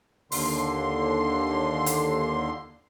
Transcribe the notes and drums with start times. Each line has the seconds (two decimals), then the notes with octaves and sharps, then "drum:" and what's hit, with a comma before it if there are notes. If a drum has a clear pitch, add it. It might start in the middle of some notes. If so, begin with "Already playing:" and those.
0.32 D#2 D3 C6, drum: open hi-hat
1.86 drum: hi-hat